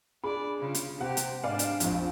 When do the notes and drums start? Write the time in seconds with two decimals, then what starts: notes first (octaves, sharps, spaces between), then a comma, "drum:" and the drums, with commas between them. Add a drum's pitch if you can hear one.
0.24 D4 G#4 D5 B5
0.60 C#3 F4
0.75 drum: hi-hat
1.01 C3 C4 G4 F#5
1.17 drum: hi-hat
1.43 G#2 D4 D5 F5 G#5
1.59 drum: hi-hat
1.80 A#1 F2, drum: hi-hat